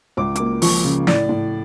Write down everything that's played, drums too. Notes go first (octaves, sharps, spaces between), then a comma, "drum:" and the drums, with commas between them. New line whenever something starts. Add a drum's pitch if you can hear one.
C#2 D6
A#3 D6, drum: hi-hat
F3 C#6, drum: open hi-hat
C#3
A2 D5, drum: snare
A2